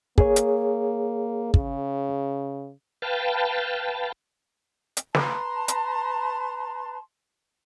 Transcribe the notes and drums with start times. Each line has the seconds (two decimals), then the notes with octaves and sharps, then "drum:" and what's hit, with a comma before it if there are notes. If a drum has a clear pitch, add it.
0.18 A#3 G#4 C#5, drum: kick
0.36 drum: hi-hat
1.54 C#3, drum: kick
3.02 B4 F5 G5 A5
4.97 drum: hi-hat
5.15 B4 A5 A#5 C6, drum: snare
5.68 drum: hi-hat